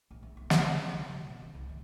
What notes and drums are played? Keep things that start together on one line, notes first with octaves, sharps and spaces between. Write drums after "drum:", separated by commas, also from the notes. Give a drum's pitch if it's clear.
A#1
G#2
B1
G3, drum: snare
C#3
C2
G2
B2
C#3
C2
D#3